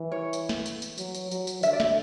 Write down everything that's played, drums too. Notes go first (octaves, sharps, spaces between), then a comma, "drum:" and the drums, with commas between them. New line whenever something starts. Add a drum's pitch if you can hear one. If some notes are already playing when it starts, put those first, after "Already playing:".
Already playing: E3
C#5
drum: tambourine
drum: snare
drum: tambourine
drum: tambourine
F#3, drum: tambourine
drum: tambourine
F#3, drum: tambourine
drum: tambourine
D3 E5, drum: tambourine
D5
E5, drum: snare